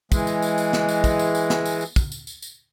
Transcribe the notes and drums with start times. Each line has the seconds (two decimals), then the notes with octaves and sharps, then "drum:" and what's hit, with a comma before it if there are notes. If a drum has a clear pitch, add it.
0.12 E3 G#3, drum: kick, tambourine
0.27 drum: tambourine
0.42 drum: tambourine
0.58 drum: tambourine
0.73 drum: snare
0.89 drum: tambourine
1.04 drum: kick, tambourine
1.19 drum: tambourine
1.35 drum: tambourine
1.50 drum: snare
1.65 drum: tambourine
1.81 drum: tambourine
1.96 drum: kick, tambourine
2.12 drum: tambourine
2.27 drum: tambourine
2.42 drum: tambourine